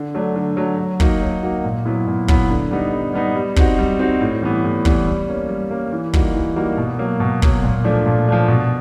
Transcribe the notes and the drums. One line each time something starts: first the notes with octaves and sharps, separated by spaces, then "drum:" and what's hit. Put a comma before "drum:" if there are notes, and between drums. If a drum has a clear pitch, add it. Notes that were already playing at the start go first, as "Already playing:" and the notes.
Already playing: D3
F#3 A3 D4
D3
F#3 A3 D4
F#3
A#3 D#4 F#4, drum: kick
F#3
A#3 D#4 F#4
A#2
F#3 B3 E4
A#2
F#3 B3 E4, drum: kick
D3
G3 B3 D#4
D3
G3 B3 D#4
G3
C4 D#4 F#4, drum: kick
G3
C4 D#4 F#4
A2
E3 G3 B3
A2
E3 G3 B3, drum: kick
G3
A#3 C#4
G3
A#3 C#4
E3
G3 A#3 D#4 F#4, drum: kick
E3
G3 A#3 D#4 F#4
B2
F#3 A#3
B2
F#3 A#3, drum: kick
A#2
F3 A3 D4
A#2
F3 A3 D4
B2